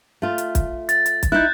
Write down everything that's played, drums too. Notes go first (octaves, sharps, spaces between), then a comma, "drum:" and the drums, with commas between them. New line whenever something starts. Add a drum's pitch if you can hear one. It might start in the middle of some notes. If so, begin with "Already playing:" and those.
A3 F4
drum: hi-hat
drum: kick, hi-hat
A6, drum: hi-hat
drum: hi-hat
drum: kick, hi-hat
D#4 E4 F#6 G6